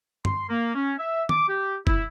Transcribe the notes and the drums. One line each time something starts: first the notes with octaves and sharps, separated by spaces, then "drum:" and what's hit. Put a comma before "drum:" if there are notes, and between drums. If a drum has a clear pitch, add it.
C6, drum: tom
A#3
C#4
E5
D6, drum: tom
G4
E4, drum: kick F#1